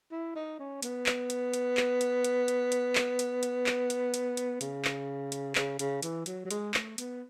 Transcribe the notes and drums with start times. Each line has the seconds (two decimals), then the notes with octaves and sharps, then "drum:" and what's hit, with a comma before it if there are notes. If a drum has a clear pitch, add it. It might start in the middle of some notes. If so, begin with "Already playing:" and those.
0.11 E4
0.35 D#4
0.59 C#4
0.82 B3, drum: hi-hat
1.06 drum: clap
1.30 drum: hi-hat
1.54 drum: hi-hat
1.77 drum: clap
2.01 drum: hi-hat
2.24 drum: hi-hat
2.48 drum: hi-hat
2.72 drum: hi-hat
2.95 drum: clap
3.19 drum: hi-hat
3.43 drum: hi-hat
3.66 drum: clap
3.90 drum: hi-hat
4.14 drum: hi-hat
4.37 drum: hi-hat
4.61 C#3, drum: hi-hat
4.85 drum: clap
5.32 drum: hi-hat
5.55 C#3, drum: clap
5.79 C#3, drum: hi-hat
6.03 E3, drum: hi-hat
6.26 F#3, drum: hi-hat
6.45 F#3
6.51 G#3, drum: hi-hat
6.74 A3, drum: clap
6.98 B3, drum: hi-hat